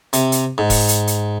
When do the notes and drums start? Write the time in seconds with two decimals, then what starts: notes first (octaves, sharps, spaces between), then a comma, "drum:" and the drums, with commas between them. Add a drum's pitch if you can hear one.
0.13 C3, drum: hi-hat
0.32 drum: hi-hat
0.58 G#2
0.70 drum: kick E1, open hi-hat
0.89 drum: hi-hat
1.07 drum: hi-hat